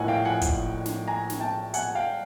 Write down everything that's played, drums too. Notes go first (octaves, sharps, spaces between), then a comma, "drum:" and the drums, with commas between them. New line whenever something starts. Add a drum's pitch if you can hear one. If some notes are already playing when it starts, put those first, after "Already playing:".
Already playing: A#1 A2 F3 A#3 D#5 F#5 G#5
F5 G5
F#5 G#5
drum: kick, hi-hat
drum: snare
G#5 A#5
drum: snare
G5 A5
F#5 G#5, drum: hi-hat
F5 G5